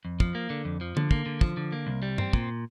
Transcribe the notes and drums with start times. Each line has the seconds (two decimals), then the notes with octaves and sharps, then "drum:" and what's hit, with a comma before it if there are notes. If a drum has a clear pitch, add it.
0.05 F2
0.20 F3, drum: kick
0.35 A#3
0.50 D3
0.65 F2
0.81 F3
0.97 D3, drum: tom D3
1.11 A#3, drum: kick
1.26 D3
1.41 F3, drum: kick
1.57 D3
1.72 A#3
1.87 C2
2.03 G3
2.18 C4, drum: tom G2
2.33 A#2, drum: kick